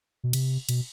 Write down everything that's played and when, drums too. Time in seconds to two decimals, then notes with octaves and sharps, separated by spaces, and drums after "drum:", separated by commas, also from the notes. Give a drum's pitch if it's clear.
0.24 B2
0.33 C3, drum: cymbal
0.69 B2, drum: cymbal